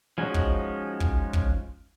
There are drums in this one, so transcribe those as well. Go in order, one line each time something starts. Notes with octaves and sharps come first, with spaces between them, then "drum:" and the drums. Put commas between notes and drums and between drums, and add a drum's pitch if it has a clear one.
F3 G#3 C#4 D#4 F#4
drum: kick
drum: kick
drum: kick